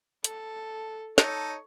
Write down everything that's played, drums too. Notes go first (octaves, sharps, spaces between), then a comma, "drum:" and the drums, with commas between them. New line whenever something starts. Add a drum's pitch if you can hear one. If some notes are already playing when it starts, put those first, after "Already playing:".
A4, drum: hi-hat
D#4 A4 C#5, drum: snare